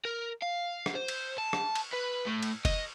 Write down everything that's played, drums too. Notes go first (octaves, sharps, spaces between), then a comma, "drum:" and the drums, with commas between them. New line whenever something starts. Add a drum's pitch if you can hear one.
A#4
F5
drum: rim click
C5
drum: cymbal
A5
drum: rim click
drum: cymbal
B4
A2
drum: cymbal
D#5, drum: kick F1, cymbal